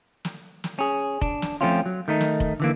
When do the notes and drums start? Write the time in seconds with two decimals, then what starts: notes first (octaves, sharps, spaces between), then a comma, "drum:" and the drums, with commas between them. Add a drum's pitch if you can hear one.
0.25 drum: snare
0.64 drum: snare
0.79 C#4 G#4
1.21 D4, drum: kick F1
1.42 drum: snare
1.61 F3 G3 A3 C4 C#4 F4
1.86 F#3
2.08 D#3 A3 D#4
2.21 drum: snare
2.40 drum: kick F1
2.60 D3 E3 A#3